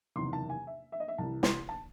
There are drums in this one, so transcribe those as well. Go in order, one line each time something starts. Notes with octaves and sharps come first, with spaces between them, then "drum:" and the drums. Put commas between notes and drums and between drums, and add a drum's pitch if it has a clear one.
F#1 E2 C3 D#3 C6
A5
G#5
E5
E5
D#5
E5
C2 C3 E3 A5
C6, drum: snare
A5